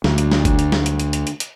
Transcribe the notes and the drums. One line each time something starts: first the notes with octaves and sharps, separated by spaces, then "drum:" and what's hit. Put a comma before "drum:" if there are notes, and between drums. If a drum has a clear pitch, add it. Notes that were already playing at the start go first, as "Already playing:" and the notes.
D2, drum: snare
drum: hi-hat
drum: snare
drum: kick, hi-hat
drum: hi-hat
drum: snare
drum: hi-hat
drum: hi-hat
drum: hi-hat
drum: hi-hat
drum: hi-hat